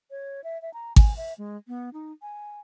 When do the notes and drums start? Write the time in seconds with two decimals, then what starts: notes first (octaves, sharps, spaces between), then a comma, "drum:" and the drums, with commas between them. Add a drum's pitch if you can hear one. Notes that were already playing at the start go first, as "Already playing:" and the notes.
0.11 C#5
0.44 E5
0.62 E5
0.74 A#5
0.96 G#5, drum: kick G#1
1.17 E5
1.38 G#3
1.68 B3
1.93 D#4
2.22 G#5